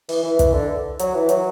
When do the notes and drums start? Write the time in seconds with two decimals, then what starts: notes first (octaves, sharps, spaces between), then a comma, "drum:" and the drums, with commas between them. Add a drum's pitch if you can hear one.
0.09 E3, drum: open hi-hat
0.23 E3
0.39 E3, drum: kick, hi-hat
0.53 D3
1.00 F#3, drum: hi-hat
1.14 E3
1.29 F#3, drum: hi-hat